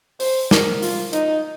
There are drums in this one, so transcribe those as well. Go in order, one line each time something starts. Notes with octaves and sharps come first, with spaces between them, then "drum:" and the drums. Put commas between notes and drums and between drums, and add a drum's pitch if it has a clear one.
C5, drum: open hi-hat
A#4, drum: snare
F4, drum: open hi-hat
D#4, drum: hi-hat